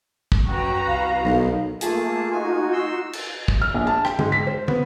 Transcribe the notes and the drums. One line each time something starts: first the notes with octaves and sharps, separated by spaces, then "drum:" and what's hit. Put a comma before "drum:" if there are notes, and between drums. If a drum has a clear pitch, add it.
drum: kick
F#2 F#4 B4 G5 A#5
C2 F5
B1 D#3
A3 A#3 F4 G#4 A5, drum: hi-hat
D#4 F#4 G#5
C6 E6
drum: cymbal
drum: kick
F6
A#1
A5
G5, drum: rim click
G#2, drum: tom
B6
C5
B3, drum: tom